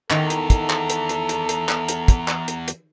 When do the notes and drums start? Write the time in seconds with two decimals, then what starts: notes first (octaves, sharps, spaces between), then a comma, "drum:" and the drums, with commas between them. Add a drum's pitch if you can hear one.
0.10 E2 D#3 A4 A#5, drum: clap
0.30 drum: hi-hat
0.50 drum: kick, hi-hat
0.70 drum: clap
0.90 drum: hi-hat
1.09 drum: hi-hat
1.29 drum: hi-hat
1.49 drum: hi-hat
1.69 drum: clap
1.89 drum: hi-hat
2.08 drum: kick, hi-hat
2.28 drum: clap
2.48 drum: hi-hat
2.68 drum: hi-hat